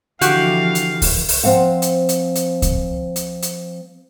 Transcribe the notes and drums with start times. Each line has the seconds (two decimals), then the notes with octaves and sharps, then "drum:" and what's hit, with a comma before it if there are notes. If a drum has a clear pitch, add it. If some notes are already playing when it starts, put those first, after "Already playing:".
0.21 D3 E3 F3 F#4 G4 F5, drum: hi-hat
0.75 drum: hi-hat
1.02 drum: kick C#2, open hi-hat
1.28 drum: open hi-hat
1.43 F3 C4 F5 F#5
1.82 drum: hi-hat
2.09 drum: hi-hat
2.35 drum: hi-hat
2.62 drum: kick C#2, hi-hat
3.16 drum: hi-hat
3.42 drum: hi-hat